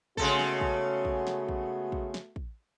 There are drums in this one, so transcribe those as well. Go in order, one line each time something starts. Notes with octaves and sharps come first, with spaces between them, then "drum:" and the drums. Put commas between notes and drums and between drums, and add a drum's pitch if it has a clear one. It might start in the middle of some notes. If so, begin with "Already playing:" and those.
C#3 G#3 A3 B3 F#4 A4, drum: kick
drum: snare
drum: kick
drum: kick
drum: snare
drum: kick
drum: kick
drum: snare
drum: kick